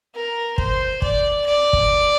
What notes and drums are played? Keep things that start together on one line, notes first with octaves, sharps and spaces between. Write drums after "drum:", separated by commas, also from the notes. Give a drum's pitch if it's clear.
A#4
C5, drum: kick
D5, drum: kick
D5
drum: kick